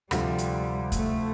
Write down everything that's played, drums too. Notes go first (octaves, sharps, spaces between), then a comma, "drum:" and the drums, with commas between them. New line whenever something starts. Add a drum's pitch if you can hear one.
D2 C3 F3 G3 C4 F4, drum: rim click
drum: hi-hat
A3, drum: kick, hi-hat